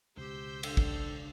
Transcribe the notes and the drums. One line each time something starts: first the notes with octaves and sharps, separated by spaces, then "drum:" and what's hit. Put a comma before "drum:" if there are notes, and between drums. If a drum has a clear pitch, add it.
C#2 B2 G4 C5 E6 G6
D4 A4, drum: cymbal
drum: kick